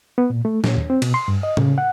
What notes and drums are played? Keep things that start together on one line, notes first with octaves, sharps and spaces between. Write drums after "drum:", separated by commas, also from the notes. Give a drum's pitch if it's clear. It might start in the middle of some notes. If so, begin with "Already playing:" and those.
B3
A#2
A3
A#2, drum: snare
D#2
C4
B2, drum: cymbal
C6
G2
D#5
C#3, drum: tom A2
F#5